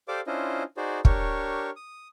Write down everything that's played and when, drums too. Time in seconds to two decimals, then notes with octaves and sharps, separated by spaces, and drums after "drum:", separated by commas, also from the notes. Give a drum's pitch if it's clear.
0.08 G4 A4 C5 D5 F5 D6
0.27 C#4 D4 E4 F4 C5 D#5
0.77 D#4 F#4 G#4 C5 D5
1.05 D4 G4 A#4 C#5 C#6, drum: kick
1.76 D#6